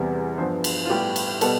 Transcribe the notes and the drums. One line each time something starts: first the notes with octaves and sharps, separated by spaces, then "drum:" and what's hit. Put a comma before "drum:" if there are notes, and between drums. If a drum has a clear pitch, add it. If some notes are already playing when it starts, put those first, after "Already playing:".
Already playing: E2 C3 G3 B3
G2 F3 B3 C5
drum: cymbal
F4
A2 G3 B3 G4
drum: cymbal
B2 G3 B3 A4, drum: cymbal